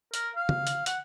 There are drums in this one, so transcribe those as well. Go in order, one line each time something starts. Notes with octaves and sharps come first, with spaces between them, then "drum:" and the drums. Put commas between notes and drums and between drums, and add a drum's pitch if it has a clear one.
A#4, drum: hi-hat
F5
drum: tom C#3
drum: hi-hat
F#5, drum: hi-hat